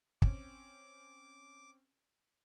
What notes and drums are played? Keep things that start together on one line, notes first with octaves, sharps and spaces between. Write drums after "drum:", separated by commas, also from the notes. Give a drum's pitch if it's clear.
C4 C#4 D6, drum: kick